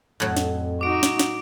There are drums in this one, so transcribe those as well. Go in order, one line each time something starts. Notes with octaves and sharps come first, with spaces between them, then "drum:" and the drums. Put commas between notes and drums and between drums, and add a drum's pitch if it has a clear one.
F2 A2 F#3
drum: snare
D#4 F#4 D6 D7
drum: snare
drum: snare